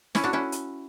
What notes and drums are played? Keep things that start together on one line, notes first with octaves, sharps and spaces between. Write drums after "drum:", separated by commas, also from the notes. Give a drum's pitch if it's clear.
C#4 E4, drum: snare
D4 F#4
C#4 E4
drum: hi-hat